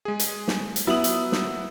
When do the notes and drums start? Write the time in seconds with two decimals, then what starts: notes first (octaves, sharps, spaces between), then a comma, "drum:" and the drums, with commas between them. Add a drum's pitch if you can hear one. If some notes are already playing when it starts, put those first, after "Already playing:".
0.05 G#3 G#4
0.19 drum: hi-hat
0.48 drum: snare
0.76 drum: hi-hat
0.87 F#3 B3 E4 D#6 F#7
1.04 drum: hi-hat
1.32 drum: snare